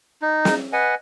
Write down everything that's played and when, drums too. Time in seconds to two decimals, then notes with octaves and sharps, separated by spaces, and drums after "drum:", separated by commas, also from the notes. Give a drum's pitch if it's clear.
0.22 D#4
0.45 drum: snare
0.73 B4 D#5 F#5 G#5